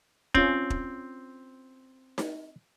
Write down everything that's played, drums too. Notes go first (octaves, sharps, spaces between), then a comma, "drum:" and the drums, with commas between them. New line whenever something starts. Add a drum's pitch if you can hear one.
C4 C#4 F4, drum: kick
drum: kick
drum: snare D#4